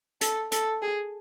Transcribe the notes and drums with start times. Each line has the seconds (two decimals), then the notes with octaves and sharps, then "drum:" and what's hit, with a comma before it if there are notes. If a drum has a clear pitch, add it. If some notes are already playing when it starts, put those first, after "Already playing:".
0.21 A4, drum: hi-hat
0.52 A4, drum: hi-hat
0.82 G#4